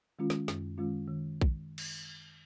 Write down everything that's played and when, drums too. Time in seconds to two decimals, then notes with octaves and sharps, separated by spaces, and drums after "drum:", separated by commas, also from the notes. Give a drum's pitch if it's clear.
0.19 D#3 G#3 C#4 F4
0.30 drum: snare
0.48 F#2, drum: snare
0.78 D#3 G#3 C#4 F4
1.07 D#3
1.41 drum: kick A#1
1.78 drum: cymbal